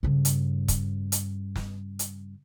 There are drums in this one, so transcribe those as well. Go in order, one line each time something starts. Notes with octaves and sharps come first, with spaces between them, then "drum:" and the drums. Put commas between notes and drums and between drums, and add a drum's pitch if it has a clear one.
G2 C#3
drum: hi-hat
drum: kick, hi-hat
drum: hi-hat
drum: snare
drum: hi-hat